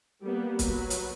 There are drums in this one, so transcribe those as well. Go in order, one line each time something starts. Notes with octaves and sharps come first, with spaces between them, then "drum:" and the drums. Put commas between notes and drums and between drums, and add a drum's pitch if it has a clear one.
G3 A#3 B3
F#3 B4, drum: kick, hi-hat
drum: hi-hat